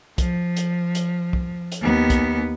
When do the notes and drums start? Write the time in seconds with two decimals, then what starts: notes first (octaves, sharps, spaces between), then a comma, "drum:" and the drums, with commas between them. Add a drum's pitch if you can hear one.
0.18 F3, drum: kick, hi-hat
0.56 drum: hi-hat
0.95 drum: hi-hat
1.33 drum: kick
1.72 drum: hi-hat
1.82 D#2 B3
2.10 drum: kick, hi-hat